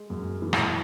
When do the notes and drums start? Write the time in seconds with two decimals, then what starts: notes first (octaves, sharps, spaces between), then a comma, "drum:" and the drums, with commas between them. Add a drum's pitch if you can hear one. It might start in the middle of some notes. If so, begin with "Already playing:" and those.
Already playing: G#3
0.10 F#2
0.42 E3
0.53 drum: rim click